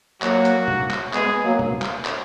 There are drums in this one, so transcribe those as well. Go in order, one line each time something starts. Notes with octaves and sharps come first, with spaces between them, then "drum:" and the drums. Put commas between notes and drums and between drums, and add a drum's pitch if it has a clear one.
F#3 A#3 F#4, drum: clap
drum: hi-hat
drum: tom
drum: clap
G#3 B3 G#4, drum: clap
F#3 A#3
drum: tom
drum: clap
drum: clap